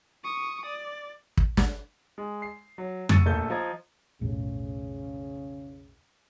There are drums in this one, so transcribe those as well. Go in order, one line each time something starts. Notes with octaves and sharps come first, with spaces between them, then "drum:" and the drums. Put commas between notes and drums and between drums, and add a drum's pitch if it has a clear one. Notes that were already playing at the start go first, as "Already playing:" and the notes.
C#6 D#6
D5
drum: kick
drum: snare
G#3
C7
F#3
C#6 E6 A6 C#7 D#7, drum: tom F2
A#1 A3 A#3 A4 G6
F3 D#5 A#5 G#6
B1 F2 A2 C#3